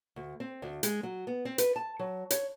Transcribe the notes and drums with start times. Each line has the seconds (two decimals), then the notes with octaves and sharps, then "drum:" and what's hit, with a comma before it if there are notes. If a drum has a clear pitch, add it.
0.16 D2
0.40 C4
0.62 D2
0.83 G#3, drum: hi-hat
1.03 F#3
1.27 B3
1.45 C4
1.58 B4, drum: hi-hat
1.76 A5
1.99 F#3
2.31 C#5, drum: hi-hat